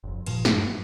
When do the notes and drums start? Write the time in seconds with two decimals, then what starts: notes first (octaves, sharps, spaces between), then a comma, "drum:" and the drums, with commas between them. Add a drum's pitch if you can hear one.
0.04 F#1 F2
0.26 G2 A#2 F3, drum: cymbal
0.45 drum: snare
0.58 G2 F#3